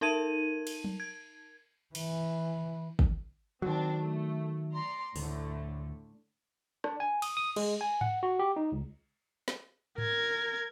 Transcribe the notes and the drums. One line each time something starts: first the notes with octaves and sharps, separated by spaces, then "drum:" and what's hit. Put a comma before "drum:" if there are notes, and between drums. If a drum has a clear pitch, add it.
D#4 A#4 A5 G#6 D#7
drum: cymbal
drum: tom F#3
G#6
E3, drum: cymbal
drum: kick
D#3 F#3 C4 D4
A3
D5 A#5 C6
D2 A2 D3 A3, drum: open hi-hat
D4, drum: rim click
G#5
D#6, drum: cymbal
D#6
G#3, drum: cymbal
G#5
F#5, drum: tom G#2
F#4
G4
D#4
C#2
drum: snare
A#4 G#6, drum: tom G#2